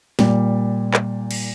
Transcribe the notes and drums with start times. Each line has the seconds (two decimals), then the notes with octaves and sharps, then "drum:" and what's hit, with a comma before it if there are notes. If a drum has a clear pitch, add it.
0.19 A#2 G3, drum: snare
0.94 drum: clap
1.31 drum: cymbal